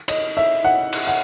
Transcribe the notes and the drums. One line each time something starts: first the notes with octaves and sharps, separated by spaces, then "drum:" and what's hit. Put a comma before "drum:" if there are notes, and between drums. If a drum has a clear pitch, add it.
D#5, drum: cymbal
E5
F#5
drum: cymbal
F#5